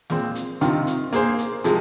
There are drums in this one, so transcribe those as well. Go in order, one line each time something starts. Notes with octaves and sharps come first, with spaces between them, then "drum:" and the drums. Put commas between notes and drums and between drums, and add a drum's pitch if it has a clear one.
A#2 G#3 C4, drum: snare
drum: hi-hat
C3 D#3 C4 F4, drum: hi-hat
drum: hi-hat
A#3 G#4 C5, drum: hi-hat
drum: hi-hat
C3 F3 G#3, drum: hi-hat